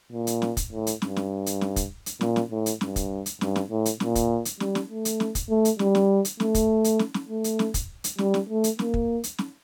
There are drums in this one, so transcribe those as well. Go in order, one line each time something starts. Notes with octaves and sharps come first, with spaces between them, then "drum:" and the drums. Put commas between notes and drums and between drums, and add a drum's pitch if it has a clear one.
A#2
drum: hi-hat
drum: snare
drum: kick, hi-hat
A2
drum: hi-hat
G2, drum: snare
drum: snare
drum: hi-hat
drum: snare
drum: kick, hi-hat
drum: hi-hat
A#2, drum: snare
drum: snare
A2
drum: hi-hat
G2, drum: snare
drum: kick, hi-hat
drum: hi-hat
G2, drum: snare
drum: snare
A2
drum: hi-hat
A#2, drum: snare
drum: kick, hi-hat
drum: hi-hat
G3, drum: snare
drum: snare
A3
drum: hi-hat
drum: snare
drum: kick, hi-hat
A3
drum: hi-hat
G3, drum: snare
drum: snare
drum: hi-hat
A3, drum: snare
drum: kick, hi-hat
drum: hi-hat
drum: snare
drum: snare
A3
drum: hi-hat
drum: snare
drum: kick, hi-hat
drum: hi-hat
G3, drum: snare
drum: snare
A3
drum: hi-hat
A#3, drum: snare
drum: kick
drum: hi-hat
drum: snare